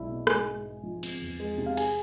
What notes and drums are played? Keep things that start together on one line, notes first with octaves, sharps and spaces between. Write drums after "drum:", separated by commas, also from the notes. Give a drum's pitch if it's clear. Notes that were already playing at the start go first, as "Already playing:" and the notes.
Already playing: B1 G#3 C4 D4 E4 E5
B2
G#2 G#4 G#5, drum: rim click
G#2
G#3
F3
C4, drum: cymbal
E2
G#3
C3
F5
G#4 G#5, drum: cymbal